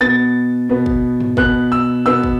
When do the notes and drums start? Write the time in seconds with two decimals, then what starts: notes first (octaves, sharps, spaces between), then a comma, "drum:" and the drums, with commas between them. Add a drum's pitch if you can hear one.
0.01 B2 B3 A6
0.69 B2 B3
0.86 drum: kick
1.20 drum: tom G#2
1.37 B2 B3 F#6, drum: kick
1.72 E6
2.06 B2 B3 E6
2.23 drum: kick